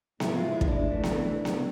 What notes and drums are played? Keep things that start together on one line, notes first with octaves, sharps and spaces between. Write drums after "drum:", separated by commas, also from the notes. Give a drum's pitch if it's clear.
A2 F3 G#3 E4, drum: snare B3
F4
E4
D#4, drum: kick
D4
A2 E3 A3
drum: snare B3
drum: snare B3